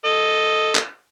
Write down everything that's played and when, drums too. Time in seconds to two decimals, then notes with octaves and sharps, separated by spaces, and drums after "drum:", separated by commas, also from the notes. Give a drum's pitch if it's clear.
0.05 A4 D#5
0.75 drum: clap